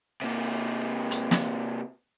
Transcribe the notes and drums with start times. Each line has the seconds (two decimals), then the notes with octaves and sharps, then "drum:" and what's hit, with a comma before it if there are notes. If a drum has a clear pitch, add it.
0.22 C3 A#3
1.11 drum: hi-hat
1.31 drum: snare